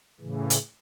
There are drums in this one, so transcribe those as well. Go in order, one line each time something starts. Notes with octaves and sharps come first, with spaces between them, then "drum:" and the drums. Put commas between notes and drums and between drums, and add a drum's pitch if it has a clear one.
A2 C#3 E3
drum: hi-hat